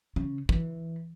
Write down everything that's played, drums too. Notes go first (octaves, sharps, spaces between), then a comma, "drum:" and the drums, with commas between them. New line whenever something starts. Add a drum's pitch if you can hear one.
C#3
E3, drum: kick